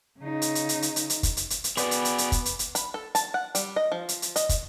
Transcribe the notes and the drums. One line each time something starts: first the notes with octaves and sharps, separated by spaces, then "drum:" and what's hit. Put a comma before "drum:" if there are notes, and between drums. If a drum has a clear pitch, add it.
C#3 D#4
drum: hi-hat
drum: hi-hat
drum: hi-hat
drum: hi-hat
drum: hi-hat
drum: hi-hat
drum: kick, hi-hat
drum: hi-hat
drum: hi-hat
drum: hi-hat
B3 F#4 G#4 B4 D5, drum: hi-hat
drum: hi-hat
drum: hi-hat
drum: hi-hat
drum: kick, hi-hat
drum: hi-hat
drum: hi-hat
B5, drum: hi-hat
A4
A5, drum: hi-hat
F#5
G3, drum: hi-hat
D#5
F3
drum: hi-hat
drum: hi-hat
D#5, drum: hi-hat
drum: kick, hi-hat